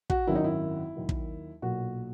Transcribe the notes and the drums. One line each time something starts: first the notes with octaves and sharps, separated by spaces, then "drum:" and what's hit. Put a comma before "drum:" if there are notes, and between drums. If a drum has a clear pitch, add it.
F#4, drum: kick
G#1 F#2 D#3 F#3 E4
D#4
E4
D#2 D#3 F#3
drum: kick
B1 A#2 F#3 F#4